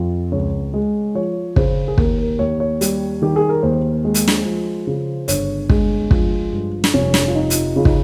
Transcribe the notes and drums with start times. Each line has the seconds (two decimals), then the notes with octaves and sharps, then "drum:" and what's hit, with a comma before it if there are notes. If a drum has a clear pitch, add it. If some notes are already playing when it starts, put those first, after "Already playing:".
Already playing: F2 F4
0.32 C#2 C#5
0.74 G#3
1.15 F3 C#5
1.56 C#3 C5, drum: kick
1.88 G#4
1.98 D#2 A#4, drum: kick
2.18 A#4
2.39 D#2 C#5
2.60 C#5
2.81 G3, drum: hi-hat
3.22 D#3 G4
3.36 G#4
3.49 A#4
3.63 D#2 C5
4.05 G#3
4.14 drum: hi-hat
4.28 drum: snare
4.45 F3
4.87 C#3
5.28 G1 C#5, drum: hi-hat
5.69 G#3, drum: kick
6.11 F3, drum: kick
6.52 G2
6.84 drum: snare
6.94 F1 C#4
7.14 drum: snare
7.28 F4
7.35 F3 D#4
7.50 drum: hi-hat
7.76 C#3 F4
7.85 D#4, drum: kick